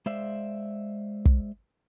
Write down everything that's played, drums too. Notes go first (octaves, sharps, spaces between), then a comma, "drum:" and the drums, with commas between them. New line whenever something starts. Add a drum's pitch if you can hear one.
G#3 C5 D5 E5 F5
drum: kick